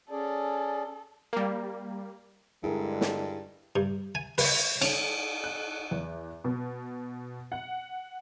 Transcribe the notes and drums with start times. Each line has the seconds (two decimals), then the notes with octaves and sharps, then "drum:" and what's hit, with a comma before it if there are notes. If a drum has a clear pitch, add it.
0.11 C#4 G#4 A4 D5
1.33 G3 A#3
2.63 G2 D3 G#3 E4 G#4 A#4
3.01 drum: snare
3.76 G2
4.15 G#5
4.38 B4, drum: open hi-hat
4.82 C#4, drum: cymbal
5.44 F#6
5.91 E2
6.44 B2
7.52 F#5